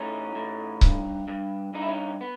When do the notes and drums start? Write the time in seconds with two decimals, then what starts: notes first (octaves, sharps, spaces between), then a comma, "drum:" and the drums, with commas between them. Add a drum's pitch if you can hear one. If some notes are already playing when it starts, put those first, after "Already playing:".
Already playing: A2 C#4 D#4
0.35 A2
0.81 G2, drum: kick C#1
1.28 G2
1.74 G2 D#4
1.81 E4
1.88 C#4 D#4
2.21 B3